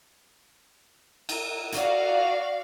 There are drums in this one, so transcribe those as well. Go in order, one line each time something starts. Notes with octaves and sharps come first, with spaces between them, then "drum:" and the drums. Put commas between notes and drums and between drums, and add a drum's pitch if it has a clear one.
drum: cymbal
F#4 D5 F5, drum: hi-hat